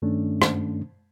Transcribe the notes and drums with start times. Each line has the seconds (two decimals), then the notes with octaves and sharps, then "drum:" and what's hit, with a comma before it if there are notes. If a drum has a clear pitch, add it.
0.02 G2 D#3 A3 C#4 D4
0.42 drum: rim click